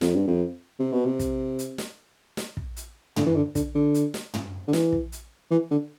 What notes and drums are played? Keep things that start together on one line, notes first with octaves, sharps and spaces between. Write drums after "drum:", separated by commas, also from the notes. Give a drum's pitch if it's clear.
F2, drum: snare
G2
F2
C3
B2
C3
drum: kick, hi-hat
drum: hi-hat
drum: snare
drum: snare
drum: kick
drum: hi-hat
D3, drum: tom
E3
D3
D3, drum: kick, hi-hat
D3
drum: hi-hat
drum: snare
drum: tom
D3
E3, drum: snare
drum: kick
drum: hi-hat
E3
D3